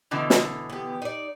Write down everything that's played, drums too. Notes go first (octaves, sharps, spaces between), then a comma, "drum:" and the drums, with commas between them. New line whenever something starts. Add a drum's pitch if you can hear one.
B2 D3 E3
drum: snare
B3 G4
D#4 D5